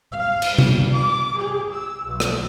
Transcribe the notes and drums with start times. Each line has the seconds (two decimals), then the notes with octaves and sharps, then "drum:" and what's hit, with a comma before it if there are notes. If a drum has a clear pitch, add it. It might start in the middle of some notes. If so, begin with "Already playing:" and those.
0.19 F5
0.42 drum: cymbal
0.58 G3, drum: tom C3
0.95 D6
1.36 G#4
1.73 E6
2.11 B1
2.20 drum: rim click